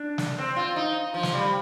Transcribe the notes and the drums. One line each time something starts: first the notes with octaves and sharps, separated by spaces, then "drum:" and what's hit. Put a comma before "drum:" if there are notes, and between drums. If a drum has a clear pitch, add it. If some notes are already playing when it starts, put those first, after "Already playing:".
Already playing: D4
drum: snare
C4
F4
D#4
F3
drum: snare
G3